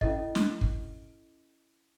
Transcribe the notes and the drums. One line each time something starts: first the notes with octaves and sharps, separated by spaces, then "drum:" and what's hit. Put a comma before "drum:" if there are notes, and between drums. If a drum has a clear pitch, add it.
C#4 E4 A4 D#5, drum: kick
drum: snare
drum: kick